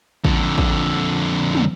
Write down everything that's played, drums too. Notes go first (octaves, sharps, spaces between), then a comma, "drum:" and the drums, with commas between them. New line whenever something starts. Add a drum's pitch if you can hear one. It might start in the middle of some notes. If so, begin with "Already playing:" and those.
F2 D3, drum: kick
drum: kick
drum: tom